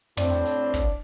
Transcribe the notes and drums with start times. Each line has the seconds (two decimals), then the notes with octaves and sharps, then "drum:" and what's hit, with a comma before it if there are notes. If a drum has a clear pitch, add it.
0.17 A2 C4 D4, drum: tom
0.45 drum: hi-hat
0.74 drum: kick, hi-hat